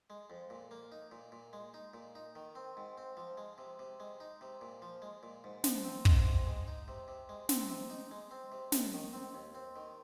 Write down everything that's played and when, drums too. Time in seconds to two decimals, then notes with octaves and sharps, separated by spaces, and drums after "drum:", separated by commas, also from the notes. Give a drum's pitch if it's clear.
0.10 G#3
0.30 F2
0.50 A#2
0.71 A#3
0.92 D#4
1.11 A#2
1.32 A#2
1.53 G#3
1.74 D#4
1.94 A#2
2.15 D#4
2.35 D#3
2.55 C4
2.77 G#2
2.97 C4
3.17 F3
3.37 G#3
3.58 C3
3.79 C3
4.00 G#3
4.20 D#4
4.41 C3
4.61 A#2
4.82 F3
5.02 G#3
5.23 A#2
5.44 G#2
5.64 F3, drum: snare
5.84 C4
6.05 G#2, drum: kick
6.26 C3
6.46 G#3
6.67 D#4
6.88 C3
7.08 C3
7.29 G#3
7.49 C4, drum: snare
7.69 C3
7.90 D#4
8.11 G#3
8.31 C4
8.52 C3
8.72 D#2, drum: snare
8.93 D#3
9.13 C4
9.34 D#2
9.55 C4
9.76 D#3